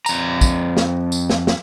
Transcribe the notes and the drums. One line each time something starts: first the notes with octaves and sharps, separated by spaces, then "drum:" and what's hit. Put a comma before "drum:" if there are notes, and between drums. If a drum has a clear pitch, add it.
F2 A#5, drum: tambourine
drum: kick, tambourine
drum: snare
drum: tambourine
drum: snare
drum: snare